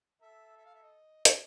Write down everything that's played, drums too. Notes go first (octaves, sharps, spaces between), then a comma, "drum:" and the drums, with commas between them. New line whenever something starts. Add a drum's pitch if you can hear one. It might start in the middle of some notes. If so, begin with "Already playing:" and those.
A4 E5
E5
F5
E5
D#5
D5, drum: hi-hat